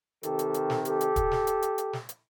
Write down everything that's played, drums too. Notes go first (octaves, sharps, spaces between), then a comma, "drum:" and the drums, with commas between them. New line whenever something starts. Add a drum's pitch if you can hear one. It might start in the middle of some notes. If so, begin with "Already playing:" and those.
C3 D#3 G4 A4, drum: hi-hat
drum: hi-hat
drum: hi-hat
drum: snare
G4 A4, drum: hi-hat
drum: hi-hat
drum: kick, hi-hat
drum: snare
drum: hi-hat
drum: hi-hat
drum: hi-hat
drum: snare
drum: hi-hat